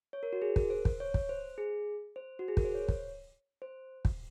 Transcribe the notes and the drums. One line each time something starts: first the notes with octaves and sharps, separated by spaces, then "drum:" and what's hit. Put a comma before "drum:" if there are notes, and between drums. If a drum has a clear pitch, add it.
C#5
A#4
F#4
G#4
A#4, drum: kick
C5
drum: kick
C#5
drum: kick
C5
G#4
C5
F#4
G#4
A#4, drum: kick
C5
C#5
drum: kick
C5
drum: kick